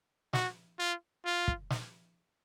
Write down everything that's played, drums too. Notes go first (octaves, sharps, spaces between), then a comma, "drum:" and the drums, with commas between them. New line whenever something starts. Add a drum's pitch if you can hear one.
F#4, drum: snare
F4
F4
drum: kick
drum: snare